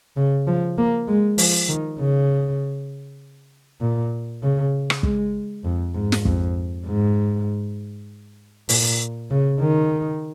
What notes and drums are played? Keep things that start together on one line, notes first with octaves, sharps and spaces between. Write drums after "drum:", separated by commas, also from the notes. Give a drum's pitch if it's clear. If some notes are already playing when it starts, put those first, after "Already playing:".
C#3
F3
A#3
G#3
F3, drum: open hi-hat
D#3
C#3
A#2
C#3
drum: rim click
G#3, drum: kick
F2
G#2
drum: snare
F2, drum: kick
G#2
A#2, drum: open hi-hat
C#3
D#3